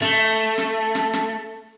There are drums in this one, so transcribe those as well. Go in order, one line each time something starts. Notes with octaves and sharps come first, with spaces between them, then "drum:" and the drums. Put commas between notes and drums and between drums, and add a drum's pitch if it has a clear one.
A3, drum: snare
drum: snare
drum: snare
drum: snare